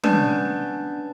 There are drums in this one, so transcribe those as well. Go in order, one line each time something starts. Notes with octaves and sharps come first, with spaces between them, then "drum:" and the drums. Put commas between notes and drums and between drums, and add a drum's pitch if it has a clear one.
B3 C#4 D4 B4 D5 G6, drum: tom